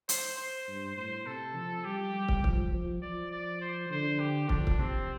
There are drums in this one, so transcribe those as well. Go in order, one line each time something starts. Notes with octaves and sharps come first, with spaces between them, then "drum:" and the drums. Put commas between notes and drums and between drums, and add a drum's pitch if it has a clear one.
C5, drum: hi-hat
C5
G2
A2 C5
C3 A4
F3
G3 G4
G3
drum: kick
F3, drum: kick
F3
F3 D5
D5
C5
D3 C5
G4
F3 D4, drum: kick
drum: kick
C3 C4